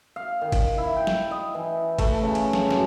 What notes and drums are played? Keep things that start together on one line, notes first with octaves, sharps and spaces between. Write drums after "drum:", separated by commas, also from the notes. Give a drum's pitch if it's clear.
F5
D#3
drum: kick, cymbal
E4
G5
drum: snare
D#5
E3
A3, drum: kick, cymbal
C#3
drum: cymbal
drum: snare
F#2, drum: snare